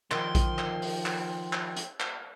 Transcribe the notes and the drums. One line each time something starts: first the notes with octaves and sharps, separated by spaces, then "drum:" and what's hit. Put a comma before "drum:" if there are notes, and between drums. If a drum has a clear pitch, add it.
D#3 F3 G5 C6, drum: clap
drum: kick A#1, hi-hat
drum: clap
drum: open hi-hat
drum: clap
drum: clap
drum: hi-hat
drum: clap